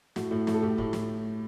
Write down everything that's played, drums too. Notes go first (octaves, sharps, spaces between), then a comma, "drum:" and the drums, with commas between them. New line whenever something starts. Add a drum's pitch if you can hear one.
A2 F#4, drum: snare
A2
A2, drum: snare
A4
A2 G4
A2, drum: kick
A2, drum: snare